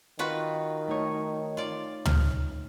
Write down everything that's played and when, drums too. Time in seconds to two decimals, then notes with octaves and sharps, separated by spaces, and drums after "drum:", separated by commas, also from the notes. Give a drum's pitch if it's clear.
0.19 D#3 F4 F#4 B4
0.88 A3 D#4 C#5
1.57 F4 D5
2.05 F6, drum: tom